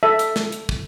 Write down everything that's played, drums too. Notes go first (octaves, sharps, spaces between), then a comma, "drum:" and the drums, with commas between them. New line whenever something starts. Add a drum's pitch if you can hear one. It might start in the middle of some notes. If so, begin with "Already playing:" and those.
A4 E5 A5
drum: hi-hat
drum: snare
drum: hi-hat
drum: kick